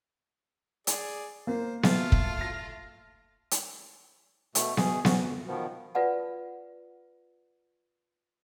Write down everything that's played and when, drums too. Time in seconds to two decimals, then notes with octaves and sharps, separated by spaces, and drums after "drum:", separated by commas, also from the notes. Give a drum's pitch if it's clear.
0.87 G#4 D5, drum: hi-hat
1.47 A#3 A#4 C5
1.83 A3 F4 F6, drum: snare B3
2.12 drum: kick
2.41 A#6
3.51 drum: hi-hat
4.55 B2 A3, drum: hi-hat
4.77 B2 G#4, drum: snare B3
5.05 C#4 F#4, drum: snare B3
5.19 F2
5.47 B2 D#3 F3 B3
5.95 F4 B4 D5 F#5 A5